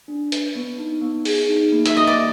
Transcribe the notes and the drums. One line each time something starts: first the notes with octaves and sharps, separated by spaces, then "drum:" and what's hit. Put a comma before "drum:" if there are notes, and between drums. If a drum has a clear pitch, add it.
D4
B4, drum: hi-hat
B3
D#4
B3
G#4, drum: open hi-hat
D#4
A#3
E5, drum: hi-hat
A#3 D#5
D5